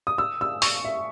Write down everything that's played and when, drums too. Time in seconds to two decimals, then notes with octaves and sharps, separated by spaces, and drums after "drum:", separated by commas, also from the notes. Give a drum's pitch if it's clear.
0.07 D#6
0.18 E6
0.41 E6
0.62 C#6, drum: open hi-hat
0.85 E5